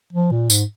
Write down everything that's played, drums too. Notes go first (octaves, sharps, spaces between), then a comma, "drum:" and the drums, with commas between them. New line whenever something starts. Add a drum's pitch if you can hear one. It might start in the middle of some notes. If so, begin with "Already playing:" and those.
F3
A#2
G#2, drum: tambourine